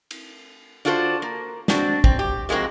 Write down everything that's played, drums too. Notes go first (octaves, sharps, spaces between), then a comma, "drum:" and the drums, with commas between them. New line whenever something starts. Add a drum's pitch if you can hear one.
drum: cymbal
D4 F4 F#4 A4 A#4 C5
A#3
C4 D4 F#4, drum: snare
C4, drum: kick
G4
F2 G#3 A#3 C4 F#4